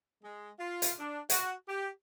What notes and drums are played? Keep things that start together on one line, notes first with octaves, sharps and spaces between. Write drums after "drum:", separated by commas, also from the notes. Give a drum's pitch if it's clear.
G#3
F4
drum: hi-hat
D4
F#4, drum: hi-hat
G4